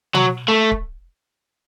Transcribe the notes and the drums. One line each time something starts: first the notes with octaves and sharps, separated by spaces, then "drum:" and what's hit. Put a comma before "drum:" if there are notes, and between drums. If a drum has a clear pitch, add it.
F#3, drum: tom B2
A3
drum: kick